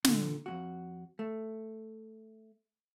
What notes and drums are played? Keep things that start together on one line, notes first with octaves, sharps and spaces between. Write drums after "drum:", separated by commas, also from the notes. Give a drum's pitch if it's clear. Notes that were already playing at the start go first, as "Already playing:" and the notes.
A#2 D3, drum: snare
F2 G#2 F#4
A3